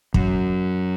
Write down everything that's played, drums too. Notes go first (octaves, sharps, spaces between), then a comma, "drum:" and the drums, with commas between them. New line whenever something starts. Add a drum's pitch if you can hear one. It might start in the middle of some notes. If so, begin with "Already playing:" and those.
F#2, drum: kick